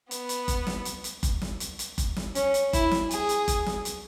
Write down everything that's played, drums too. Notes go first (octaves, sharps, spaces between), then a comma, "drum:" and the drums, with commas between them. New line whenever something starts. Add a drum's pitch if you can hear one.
B3, drum: hi-hat
drum: hi-hat
drum: kick F#1, hi-hat
drum: snare
drum: hi-hat
drum: hi-hat
drum: kick F#1, hi-hat
drum: snare
drum: hi-hat
drum: hi-hat
drum: kick F#1, hi-hat
drum: snare
C#4, drum: hi-hat
drum: hi-hat
E4, drum: kick F#1, hi-hat
drum: snare
G#4, drum: hi-hat
drum: hi-hat
drum: kick F#1, hi-hat
drum: snare
drum: hi-hat